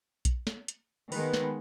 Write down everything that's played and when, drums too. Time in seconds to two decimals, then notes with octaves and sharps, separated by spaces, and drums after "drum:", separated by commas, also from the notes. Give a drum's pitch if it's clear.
0.25 drum: kick A#1, hi-hat
0.47 drum: snare
0.68 drum: hi-hat
1.12 D#3 G#3 B3 B4, drum: open hi-hat
1.34 drum: snare